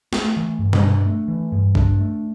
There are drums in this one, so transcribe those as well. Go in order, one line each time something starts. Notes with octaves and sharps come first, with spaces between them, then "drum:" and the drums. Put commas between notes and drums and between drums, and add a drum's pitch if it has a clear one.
A3, drum: snare
E3
G2
drum: tom B2
D4
A3
E3
G2
D4, drum: kick
A3